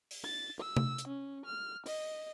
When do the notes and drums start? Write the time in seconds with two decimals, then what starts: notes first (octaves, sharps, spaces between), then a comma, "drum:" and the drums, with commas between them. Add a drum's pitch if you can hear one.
0.11 drum: open hi-hat
0.24 A6
0.60 E6
0.77 drum: tom C3
0.98 drum: hi-hat
1.08 C#4
1.46 F6
1.86 D#5, drum: open hi-hat